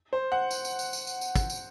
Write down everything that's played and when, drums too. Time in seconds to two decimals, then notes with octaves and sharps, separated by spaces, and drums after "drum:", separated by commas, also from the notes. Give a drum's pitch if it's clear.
0.13 C5
0.32 F#5
0.51 drum: tambourine
0.65 drum: tambourine
0.79 drum: tambourine
0.93 drum: tambourine
1.07 drum: tambourine
1.21 drum: tambourine
1.36 drum: kick, tambourine
1.50 drum: tambourine